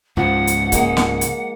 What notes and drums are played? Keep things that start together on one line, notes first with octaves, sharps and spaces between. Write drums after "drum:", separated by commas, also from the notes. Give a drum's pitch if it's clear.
C#2 G#2 F3 F#5
drum: hi-hat
G#3 A#3, drum: kick, hi-hat
drum: snare
drum: hi-hat